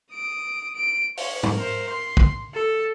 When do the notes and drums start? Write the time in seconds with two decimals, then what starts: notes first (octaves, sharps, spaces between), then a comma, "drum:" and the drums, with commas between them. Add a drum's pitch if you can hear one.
0.13 D#6 D7
0.75 D7
1.17 C#5, drum: open hi-hat
1.43 drum: tom G#2
1.55 A#4 C5
1.90 C6
2.17 drum: kick
2.54 A4 A5